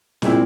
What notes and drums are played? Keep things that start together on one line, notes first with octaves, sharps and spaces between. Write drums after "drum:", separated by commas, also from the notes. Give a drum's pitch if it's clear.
A#2 G#3 C4 E4, drum: snare